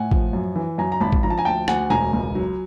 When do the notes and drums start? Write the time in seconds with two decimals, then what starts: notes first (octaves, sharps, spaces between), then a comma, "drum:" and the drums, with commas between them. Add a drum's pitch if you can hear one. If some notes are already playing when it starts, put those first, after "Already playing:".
Already playing: A2 F#5 G#5
0.11 F3, drum: kick A1
0.33 F#2
0.56 E3
0.78 F#2 G#5 A#5
0.92 A#5
1.00 G#1 A5 B5
1.12 drum: kick A1
1.23 F3 A#5
1.30 A5
1.38 G#5 A#5
1.45 D2 G5 A5
1.68 D2 F#5 G#5, drum: rim click
1.90 E1 G#5 A#5
2.13 C#2
2.35 F#3